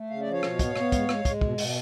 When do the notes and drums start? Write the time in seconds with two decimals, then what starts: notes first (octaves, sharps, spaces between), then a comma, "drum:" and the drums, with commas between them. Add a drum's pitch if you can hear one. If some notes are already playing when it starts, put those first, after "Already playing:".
Already playing: A3
0.10 C#3 F5
0.21 D5
0.26 F3
0.32 C#5 F5
0.43 B2, drum: rim click
0.59 B3, drum: kick, hi-hat
0.76 B3, drum: rim click
0.92 G#3, drum: kick, hi-hat
1.09 G#3, drum: rim click
1.25 G#3, drum: kick, hi-hat
1.41 B2, drum: kick
1.58 B2, drum: open hi-hat